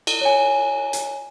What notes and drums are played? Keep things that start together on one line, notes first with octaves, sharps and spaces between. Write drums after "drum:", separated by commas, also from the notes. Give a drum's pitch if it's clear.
drum: cymbal
C#5 G#5
drum: hi-hat